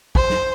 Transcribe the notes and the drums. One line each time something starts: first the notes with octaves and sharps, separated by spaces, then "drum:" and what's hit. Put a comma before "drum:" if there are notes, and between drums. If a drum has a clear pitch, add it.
C5, drum: kick
drum: snare